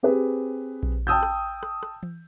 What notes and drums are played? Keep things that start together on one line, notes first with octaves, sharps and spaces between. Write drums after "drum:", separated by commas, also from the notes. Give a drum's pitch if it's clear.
C4 G4 G#4 B4
drum: kick A#1
G5 A5 D#6 E6 G6
drum: rim click
drum: rim click
drum: rim click
drum: tom E3